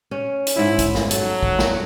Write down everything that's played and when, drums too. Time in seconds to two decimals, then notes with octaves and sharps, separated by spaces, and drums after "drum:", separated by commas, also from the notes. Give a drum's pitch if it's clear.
0.11 C#4
0.47 drum: hi-hat
0.56 G#2 E4 E5
0.79 drum: kick A#1, hi-hat
0.95 drum: snare
1.11 F#3 A4, drum: hi-hat
1.43 drum: kick A#1
1.59 drum: snare